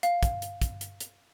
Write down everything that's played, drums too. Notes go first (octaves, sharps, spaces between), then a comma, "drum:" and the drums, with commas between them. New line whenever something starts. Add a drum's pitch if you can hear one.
F5, drum: hi-hat
drum: kick, hi-hat
drum: hi-hat
drum: kick, hi-hat
drum: hi-hat
drum: hi-hat